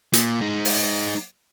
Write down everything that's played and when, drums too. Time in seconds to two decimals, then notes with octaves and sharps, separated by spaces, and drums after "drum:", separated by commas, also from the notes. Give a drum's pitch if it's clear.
0.13 A#2, drum: hi-hat
0.41 G#3 D#4
0.65 drum: open hi-hat